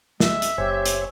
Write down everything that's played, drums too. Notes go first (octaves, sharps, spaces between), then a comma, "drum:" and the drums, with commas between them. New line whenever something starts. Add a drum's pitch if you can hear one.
G#3 E5, drum: snare
drum: hi-hat
F#1 G4 C5 C#5 G#5
drum: hi-hat